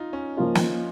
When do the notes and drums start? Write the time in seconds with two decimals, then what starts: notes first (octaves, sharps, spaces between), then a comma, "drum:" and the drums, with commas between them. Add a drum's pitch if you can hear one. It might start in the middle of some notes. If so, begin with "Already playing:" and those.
Already playing: D#4 F4
0.13 C#4
0.37 F3 A#3 F4
0.55 drum: snare